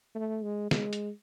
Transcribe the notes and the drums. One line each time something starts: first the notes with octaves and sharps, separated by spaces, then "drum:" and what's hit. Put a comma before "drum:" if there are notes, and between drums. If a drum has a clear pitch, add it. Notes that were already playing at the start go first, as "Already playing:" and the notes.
A3
G#3
G#3, drum: snare
drum: hi-hat